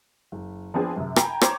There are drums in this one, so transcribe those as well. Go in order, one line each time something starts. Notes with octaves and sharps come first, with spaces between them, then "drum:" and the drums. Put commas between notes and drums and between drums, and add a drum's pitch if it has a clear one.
F#1
F3 B3 C4 D4 G#4
F#2 C3
G5 G#5 A#5 B5, drum: rim click
C5 C#5 G5 A#5 D6, drum: rim click